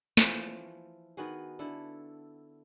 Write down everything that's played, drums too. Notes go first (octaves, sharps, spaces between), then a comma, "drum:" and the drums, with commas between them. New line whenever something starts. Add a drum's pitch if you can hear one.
E3 F3, drum: snare
D#3 B3 F#4 G#4
D3 E4 A4